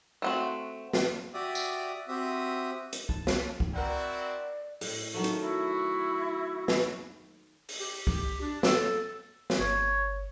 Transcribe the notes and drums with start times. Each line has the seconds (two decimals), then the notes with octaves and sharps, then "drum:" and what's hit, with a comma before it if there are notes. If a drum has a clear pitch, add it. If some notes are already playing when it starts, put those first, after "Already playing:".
0.22 A3 C4 F#4
0.93 drum: snare
1.34 F#4 G4 D5 E5 D#6
1.55 drum: tambourine
2.08 C4 F#4 G4 E5 D#6
2.93 drum: hi-hat
3.09 A5, drum: kick
3.27 drum: snare
3.60 drum: kick
3.73 C4 E4 F#4 A#4 D5 F#5 G5
4.81 A2, drum: open hi-hat
5.14 D#3 F#3 A3 C#6
5.24 drum: hi-hat
5.40 E4 F#4
6.68 drum: snare
7.69 drum: open hi-hat
7.79 G4
8.07 G4, drum: kick
8.41 D4
8.63 A4, drum: snare
9.50 drum: snare
9.59 G1 C#5